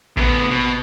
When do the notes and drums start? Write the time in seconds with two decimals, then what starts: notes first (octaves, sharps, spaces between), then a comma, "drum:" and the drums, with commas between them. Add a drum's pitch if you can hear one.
0.17 D2 B3, drum: kick A1
0.51 B2